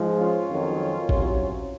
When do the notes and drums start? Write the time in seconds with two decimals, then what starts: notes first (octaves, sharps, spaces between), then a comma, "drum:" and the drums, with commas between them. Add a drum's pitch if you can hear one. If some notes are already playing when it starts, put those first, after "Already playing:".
Already playing: G#2 F3 G#3
0.19 C#4 F4
0.49 F2 D#3 F#3
1.09 C2 C3 F#3, drum: kick A1